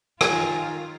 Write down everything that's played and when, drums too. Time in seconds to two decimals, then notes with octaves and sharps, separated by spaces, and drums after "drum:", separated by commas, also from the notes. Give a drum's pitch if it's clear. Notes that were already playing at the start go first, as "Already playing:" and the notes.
0.21 D#3 F4 G#5, drum: rim click